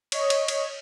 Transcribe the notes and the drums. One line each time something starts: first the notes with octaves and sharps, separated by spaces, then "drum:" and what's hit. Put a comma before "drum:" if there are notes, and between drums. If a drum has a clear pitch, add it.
C#5 D#5, drum: cymbal
drum: cymbal
drum: cymbal